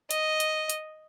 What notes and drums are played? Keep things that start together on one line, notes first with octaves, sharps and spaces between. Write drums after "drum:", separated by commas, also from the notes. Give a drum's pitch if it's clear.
D#5, drum: hi-hat
drum: hi-hat
drum: hi-hat